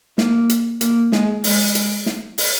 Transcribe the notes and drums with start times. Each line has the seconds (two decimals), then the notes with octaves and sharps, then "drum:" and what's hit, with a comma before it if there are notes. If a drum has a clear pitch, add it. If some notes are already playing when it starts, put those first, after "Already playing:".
0.18 A#3, drum: snare
0.49 drum: hi-hat
0.81 A#3, drum: hi-hat
1.12 G#3, drum: snare
1.44 G#3, drum: open hi-hat
1.75 drum: hi-hat
2.06 drum: snare
2.38 drum: open hi-hat